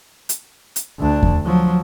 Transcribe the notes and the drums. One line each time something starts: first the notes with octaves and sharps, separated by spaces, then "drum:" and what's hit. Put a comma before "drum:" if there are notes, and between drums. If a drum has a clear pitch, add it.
drum: hi-hat
drum: hi-hat
D2 D4
drum: kick E2
F3 F#3